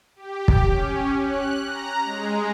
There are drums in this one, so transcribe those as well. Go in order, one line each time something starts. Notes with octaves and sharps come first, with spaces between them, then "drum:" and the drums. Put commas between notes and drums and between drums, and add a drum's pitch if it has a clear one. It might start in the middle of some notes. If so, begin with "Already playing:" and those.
G4
drum: kick
C#4
F#6
A#5
G#3